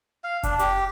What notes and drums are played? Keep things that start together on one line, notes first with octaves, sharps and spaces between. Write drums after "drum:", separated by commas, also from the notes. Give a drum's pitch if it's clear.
F5
D4, drum: kick F1, hi-hat
G4, drum: hi-hat